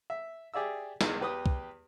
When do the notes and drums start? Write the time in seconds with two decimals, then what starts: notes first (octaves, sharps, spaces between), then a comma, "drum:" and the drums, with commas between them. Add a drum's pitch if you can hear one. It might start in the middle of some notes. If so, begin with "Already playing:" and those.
0.10 E5
0.54 G4 G#4 D5 E5 E6
1.01 E2 D#3 E3 G#3, drum: snare
1.20 E2 G4 B4 G5 D#6
1.46 drum: kick